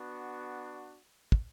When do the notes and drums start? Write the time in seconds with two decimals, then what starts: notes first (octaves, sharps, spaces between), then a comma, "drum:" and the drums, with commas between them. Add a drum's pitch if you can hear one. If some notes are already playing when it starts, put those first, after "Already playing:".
Already playing: B3 D4 F#4
1.32 drum: kick